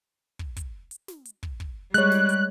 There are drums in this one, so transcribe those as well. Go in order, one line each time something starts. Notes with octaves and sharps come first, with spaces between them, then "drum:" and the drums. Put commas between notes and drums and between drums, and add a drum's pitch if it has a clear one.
drum: kick
drum: kick, hi-hat
drum: hi-hat
drum: snare
drum: hi-hat
drum: kick
drum: kick
G3 G#3 C#5 F#6, drum: hi-hat
drum: snare
drum: hi-hat